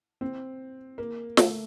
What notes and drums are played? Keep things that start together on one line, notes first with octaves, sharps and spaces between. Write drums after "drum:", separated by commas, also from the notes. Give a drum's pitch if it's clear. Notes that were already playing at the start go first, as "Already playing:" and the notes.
C4
A#3
A3, drum: snare